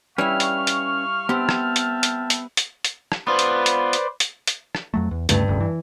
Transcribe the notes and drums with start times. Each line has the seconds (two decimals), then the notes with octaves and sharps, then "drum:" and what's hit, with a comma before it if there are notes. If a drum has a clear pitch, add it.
0.18 G3 C#4 E4 B4 C#5 F5 C#6 F6
0.40 drum: hi-hat
0.67 drum: hi-hat
1.29 B3 C4 G4 E5 G5 A5
1.49 drum: rim click
1.76 drum: hi-hat
2.03 drum: hi-hat
2.30 drum: hi-hat
2.57 drum: hi-hat
2.84 drum: hi-hat
3.12 drum: rim click
3.27 B3 F4 B4 C5 D5
3.39 drum: hi-hat
3.66 drum: hi-hat
3.93 drum: hi-hat
4.20 drum: hi-hat
4.47 drum: hi-hat
4.75 drum: rim click
4.94 F2 F#3 A3
5.11 E2
5.29 D2 G2 C#3 A3, drum: hi-hat
5.48 F1 D2 C#3
5.60 E3